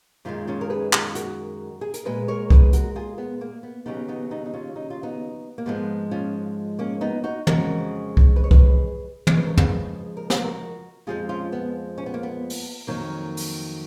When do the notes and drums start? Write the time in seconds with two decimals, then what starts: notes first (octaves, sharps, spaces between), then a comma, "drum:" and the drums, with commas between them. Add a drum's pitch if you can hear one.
0.25 F#2 D#3 G#3 C#4 F4
0.47 C#4 F4
0.61 A#4
0.70 G#4 B4
0.93 F4 G#4, drum: clap
1.15 F#4 A#4, drum: hi-hat
1.81 G#4
1.94 A#4, drum: hi-hat
2.05 A#2 G#3 G#4 B4
2.28 A#4 C#5
2.50 G#4 B4, drum: kick C2
2.73 F#4 A#4, drum: hi-hat
2.96 F4 G#4
3.18 B3
3.41 A#3
3.63 B3
3.86 D#2 C#3 F#3 B3 D#4
4.08 B3 D#4
4.31 B3 D#4
4.46 D#4
4.54 C#4 F4
4.76 D#4
4.90 F4
5.03 B3 D#4
5.58 A#3
5.66 G#2 F3 G#3 B3
6.11 C#4 F4
6.79 A#3 C#4
7.01 B3 D#4
7.24 D#4 F#4
7.47 F2 C#3 G#3 F#4 A#4, drum: tom
8.17 drum: kick C2
8.36 B4
8.44 C#5
8.51 G#4 B4, drum: kick C2
9.27 F2 C#3 F3 G#3 C#5, drum: tom
9.37 B4
9.47 A#4
9.57 G#4 B4, drum: tom
10.17 A#4
10.30 B4, drum: snare
10.44 F#4 A#4
11.07 F2 F3 G#3 F4 G#4
11.29 C#4 F4
11.52 B3
11.98 C#4
12.06 B3
12.14 A#3
12.23 B3
12.50 drum: open hi-hat
12.87 F2 D#3 F#3 A#3
13.37 drum: open hi-hat